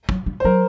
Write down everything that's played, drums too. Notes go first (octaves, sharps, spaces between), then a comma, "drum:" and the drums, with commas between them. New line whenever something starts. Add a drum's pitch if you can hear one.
F#3, drum: kick
G3
C5
F#3 A#4